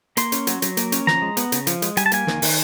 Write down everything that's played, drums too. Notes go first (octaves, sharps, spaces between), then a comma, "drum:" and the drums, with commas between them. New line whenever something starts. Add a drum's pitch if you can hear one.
A#3 C6, drum: hi-hat
C#4, drum: hi-hat
F#3, drum: hi-hat
F#3, drum: hi-hat
A#3, drum: hi-hat
C#4, drum: hi-hat
F3 A#5, drum: snare
G#3
B3, drum: hi-hat
C#3, drum: hi-hat
F3, drum: hi-hat
G#3, drum: hi-hat
G3 G#5, drum: hi-hat
A5
A#3 G#5, drum: hi-hat
D#3, drum: snare
D#3, drum: open hi-hat